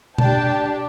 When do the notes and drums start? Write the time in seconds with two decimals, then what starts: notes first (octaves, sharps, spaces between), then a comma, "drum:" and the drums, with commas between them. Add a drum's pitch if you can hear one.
0.18 D4 G4 G5 A5, drum: tom B2